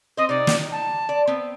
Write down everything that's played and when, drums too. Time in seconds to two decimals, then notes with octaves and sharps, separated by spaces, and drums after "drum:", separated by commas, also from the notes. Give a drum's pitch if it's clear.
0.17 C4 C5 D#5
0.29 C3 D#4 D5
0.47 drum: snare
0.72 A5
1.09 D5
1.27 B3 C4